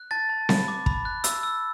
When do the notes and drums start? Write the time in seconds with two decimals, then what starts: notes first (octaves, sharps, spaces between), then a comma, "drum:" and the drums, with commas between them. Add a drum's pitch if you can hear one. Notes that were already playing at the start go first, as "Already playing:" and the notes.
Already playing: F#6
0.11 A5 A6
0.29 A5
0.49 B5, drum: snare C4
0.68 D6
0.86 B5, drum: kick
1.05 F#6
1.24 E6, drum: hi-hat
1.43 E6